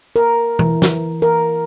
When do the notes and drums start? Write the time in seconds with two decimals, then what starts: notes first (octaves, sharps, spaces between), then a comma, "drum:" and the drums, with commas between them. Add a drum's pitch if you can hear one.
0.16 A#4
0.59 E3, drum: tom
0.82 drum: snare
1.22 A#4